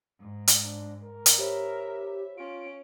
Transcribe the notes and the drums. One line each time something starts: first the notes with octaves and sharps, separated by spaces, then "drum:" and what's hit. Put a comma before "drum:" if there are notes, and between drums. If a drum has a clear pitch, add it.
G#2
drum: hi-hat
D4
A#4
drum: hi-hat
G4 C5 C#5 E5 B5
C#4 F4 D7